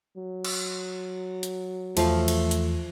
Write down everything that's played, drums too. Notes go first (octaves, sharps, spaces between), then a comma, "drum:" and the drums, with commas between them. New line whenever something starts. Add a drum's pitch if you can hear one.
F#3
drum: cymbal
drum: hi-hat
E2 F3 A3 F5, drum: cymbal
drum: cymbal
drum: hi-hat